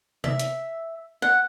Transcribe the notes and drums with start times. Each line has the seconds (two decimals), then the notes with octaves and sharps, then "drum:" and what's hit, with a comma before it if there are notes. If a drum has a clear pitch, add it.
0.24 E5, drum: tom C3
0.40 drum: hi-hat
1.22 F#5